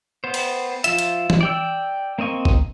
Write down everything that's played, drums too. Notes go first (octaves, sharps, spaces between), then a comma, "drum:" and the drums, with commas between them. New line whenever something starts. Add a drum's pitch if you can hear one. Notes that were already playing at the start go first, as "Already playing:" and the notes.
B3 C5
drum: cymbal
F3 F4 E5, drum: hi-hat
drum: hi-hat
drum: tom E3
D5 G5 E6
A#3 C4 D#5 C#6
drum: kick G#1